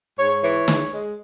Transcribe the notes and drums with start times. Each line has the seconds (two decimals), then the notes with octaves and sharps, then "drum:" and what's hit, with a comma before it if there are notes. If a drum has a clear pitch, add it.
0.18 G#2 C#5
0.43 E3 C#5
0.68 G#3, drum: snare
0.93 G#3